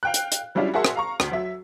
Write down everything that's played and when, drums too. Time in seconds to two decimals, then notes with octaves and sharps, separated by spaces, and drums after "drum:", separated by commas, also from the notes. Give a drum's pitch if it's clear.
0.03 F5 G5 F#6
0.14 drum: hi-hat
0.32 drum: hi-hat
0.55 F#3 G3 C#4 D4 E4 F4
0.74 F#4 G#4 A#4 E5 A5 C6
0.85 drum: rim click
0.96 F5 A#5 C#6
1.20 D2, drum: rim click
1.31 F#3 E5